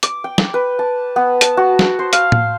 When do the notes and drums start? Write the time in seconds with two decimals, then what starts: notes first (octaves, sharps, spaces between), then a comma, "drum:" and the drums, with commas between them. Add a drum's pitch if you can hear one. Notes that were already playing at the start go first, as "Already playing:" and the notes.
0.03 D6, drum: hi-hat
0.24 G5
0.38 drum: snare
0.54 B4
0.79 A5
1.16 B3
1.41 A5, drum: hi-hat
1.57 F#4
1.79 drum: snare
1.99 C5
2.13 F5, drum: hi-hat
2.32 drum: tom